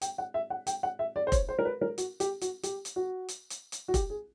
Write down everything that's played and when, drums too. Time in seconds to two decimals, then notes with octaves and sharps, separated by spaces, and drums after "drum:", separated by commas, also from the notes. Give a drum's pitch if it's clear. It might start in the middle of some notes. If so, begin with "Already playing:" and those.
0.02 G5, drum: hi-hat
0.18 F#5
0.34 E5
0.50 F#5
0.67 G5, drum: hi-hat
0.83 F#5
0.99 E5
1.16 D5
1.27 C5
1.32 C#5, drum: kick F1, hi-hat
1.49 C5
1.59 A#4
1.65 B4
1.81 A#4
1.98 F#4, drum: hi-hat
2.20 G4, drum: hi-hat
2.41 F#4, drum: hi-hat
2.63 G4, drum: hi-hat
2.85 drum: hi-hat
2.96 F#4
3.28 drum: hi-hat
3.50 drum: hi-hat
3.72 drum: hi-hat
3.88 F#4
3.94 G4, drum: kick F1, hi-hat
4.10 G#4